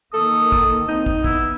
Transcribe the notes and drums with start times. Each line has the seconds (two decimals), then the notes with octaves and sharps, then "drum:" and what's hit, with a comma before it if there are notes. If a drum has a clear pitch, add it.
0.14 D#3 A#3 A4 D#6
0.52 drum: kick
0.89 C4 D#4
1.06 drum: kick
1.24 B3 E4, drum: kick